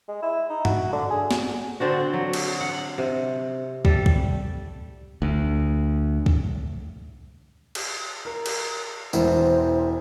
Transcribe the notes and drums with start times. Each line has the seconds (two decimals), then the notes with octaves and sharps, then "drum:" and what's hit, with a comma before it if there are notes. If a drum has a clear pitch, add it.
0.08 G#3
0.22 E4
0.49 D#4
0.65 F#4, drum: tom G2
0.92 D3
1.10 G#4
1.31 drum: snare
1.80 D3 C4 D4 F#4
2.13 F#3
2.33 drum: cymbal
2.60 F#5
2.98 C3
3.85 G3 A4, drum: kick
4.06 drum: kick
5.22 D2
6.26 drum: kick
7.75 drum: cymbal
8.25 A#4
8.46 drum: cymbal
9.13 E1 E3 C5 E5, drum: tambourine